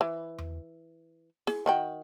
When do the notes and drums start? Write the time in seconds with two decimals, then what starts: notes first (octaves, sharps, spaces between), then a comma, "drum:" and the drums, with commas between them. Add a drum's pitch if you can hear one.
0.01 E3
0.38 drum: tom E2
1.47 G#4, drum: snare E4
1.66 D#3 F#4 G5